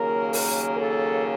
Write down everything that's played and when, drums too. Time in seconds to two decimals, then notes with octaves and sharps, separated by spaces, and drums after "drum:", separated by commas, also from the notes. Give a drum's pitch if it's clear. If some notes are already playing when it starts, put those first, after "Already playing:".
Already playing: D#2 C#3 F#3 A#3 A#4
0.33 A#4, drum: open hi-hat
0.78 A4